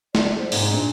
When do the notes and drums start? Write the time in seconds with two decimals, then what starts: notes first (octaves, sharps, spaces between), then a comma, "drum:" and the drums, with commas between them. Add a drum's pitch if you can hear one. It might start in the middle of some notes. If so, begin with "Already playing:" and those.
0.15 D5, drum: snare
0.38 C5
0.52 G#2 C3 D#4, drum: open hi-hat
0.71 A#2 D4